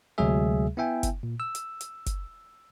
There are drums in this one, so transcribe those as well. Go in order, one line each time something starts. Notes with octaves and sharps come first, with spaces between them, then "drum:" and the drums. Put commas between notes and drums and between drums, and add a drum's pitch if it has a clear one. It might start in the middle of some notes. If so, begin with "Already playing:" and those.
D2 C3 F#3 G#3 G#4 E5
B3 E4 E5 G5 G#5
drum: kick F#1, hi-hat
A#2
E6
drum: hi-hat
drum: hi-hat
drum: kick F#1, hi-hat